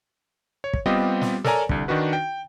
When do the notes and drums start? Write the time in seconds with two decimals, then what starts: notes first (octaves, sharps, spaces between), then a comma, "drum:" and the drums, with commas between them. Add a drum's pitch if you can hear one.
0.64 C#5
0.74 drum: kick
0.86 G3 B3 C4 F4 G4 D#5
1.21 drum: snare
1.44 A4 A#4 C#5 D5 G#5 A#5, drum: snare
1.69 C2 D3, drum: kick
1.88 D#3 D4 D#4 F#4 B4
2.13 G5